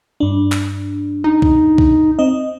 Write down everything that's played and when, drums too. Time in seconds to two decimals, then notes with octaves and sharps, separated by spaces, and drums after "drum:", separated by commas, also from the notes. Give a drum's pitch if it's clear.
0.20 G2 D4
0.52 drum: clap
1.24 D#4
1.42 drum: kick C2
1.78 drum: kick C2
2.19 C4 D#5